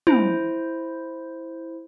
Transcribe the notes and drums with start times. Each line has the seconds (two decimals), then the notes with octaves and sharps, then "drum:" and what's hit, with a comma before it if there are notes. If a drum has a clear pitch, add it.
0.07 E4 C5, drum: tom